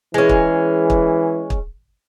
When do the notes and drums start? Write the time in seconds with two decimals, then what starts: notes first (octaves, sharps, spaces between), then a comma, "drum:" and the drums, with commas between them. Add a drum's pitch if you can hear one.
0.14 E3 G#3 C#4
0.29 drum: kick
0.90 drum: kick
1.50 drum: kick